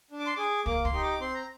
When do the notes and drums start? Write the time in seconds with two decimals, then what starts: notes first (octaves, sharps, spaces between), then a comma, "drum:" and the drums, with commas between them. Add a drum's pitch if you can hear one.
0.11 D4
0.19 D6
0.26 C6
0.35 G#4 D6
0.66 A#3 D6, drum: kick
0.85 C6, drum: kick
0.93 D#4 G4
1.03 D6
1.20 C4 C6
1.34 A#5